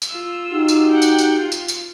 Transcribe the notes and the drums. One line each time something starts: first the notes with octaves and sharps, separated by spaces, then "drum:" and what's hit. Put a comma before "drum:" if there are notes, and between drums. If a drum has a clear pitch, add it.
drum: tambourine
F4 E6
D#4 F#4 G4
drum: tambourine
F#5 G5
drum: tambourine
drum: tambourine
F4
drum: tambourine
drum: tambourine